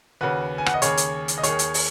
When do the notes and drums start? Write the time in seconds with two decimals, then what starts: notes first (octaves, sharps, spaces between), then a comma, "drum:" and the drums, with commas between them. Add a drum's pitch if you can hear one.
0.21 D#2 C#3 F#4 B4
0.58 G#5
0.66 F#5, drum: rim click
0.74 D#5
0.82 D#2 C#3 G#4 C#5, drum: hi-hat
0.97 drum: hi-hat
1.28 drum: hi-hat
1.38 D#5
1.43 D#2 D#3 G#4 C#5, drum: hi-hat
1.59 drum: hi-hat
1.74 drum: open hi-hat